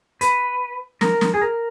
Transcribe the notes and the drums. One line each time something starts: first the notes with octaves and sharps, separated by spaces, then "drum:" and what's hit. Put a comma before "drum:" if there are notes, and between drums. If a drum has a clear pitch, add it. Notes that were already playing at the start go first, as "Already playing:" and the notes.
B4, drum: hi-hat
A#4, drum: snare
drum: snare
G#4
A#4